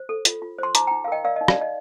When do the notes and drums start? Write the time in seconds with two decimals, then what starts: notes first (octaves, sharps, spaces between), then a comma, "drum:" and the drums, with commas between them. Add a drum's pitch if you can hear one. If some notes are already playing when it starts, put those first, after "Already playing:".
Already playing: C5
0.09 A4
0.25 F4, drum: hi-hat
0.42 F4
0.58 C5 C6
0.75 D#4 A#5 D6, drum: hi-hat
0.87 D#4 G5 A#5
1.04 F5
1.08 A#4 D#5 G5
1.24 A#4 D5 F5
1.36 D#4 D#5
1.48 D5 F5, drum: rim click
1.57 D#4 D#5